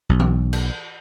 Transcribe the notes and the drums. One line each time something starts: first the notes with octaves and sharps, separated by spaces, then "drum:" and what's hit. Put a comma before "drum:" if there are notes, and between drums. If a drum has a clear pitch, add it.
B1
drum: tom E3
drum: cymbal